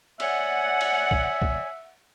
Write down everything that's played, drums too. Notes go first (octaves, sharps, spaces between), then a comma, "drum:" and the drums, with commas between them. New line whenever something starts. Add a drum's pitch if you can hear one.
C#5 D5 E5 F#5 G#5, drum: cymbal
drum: cymbal
drum: kick
drum: kick